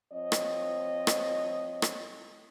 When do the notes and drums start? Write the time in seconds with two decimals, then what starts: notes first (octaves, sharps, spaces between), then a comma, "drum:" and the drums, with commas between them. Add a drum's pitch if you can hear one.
0.13 F3 C4 C#5 D#5
0.32 drum: rim click
1.07 drum: rim click
1.82 drum: rim click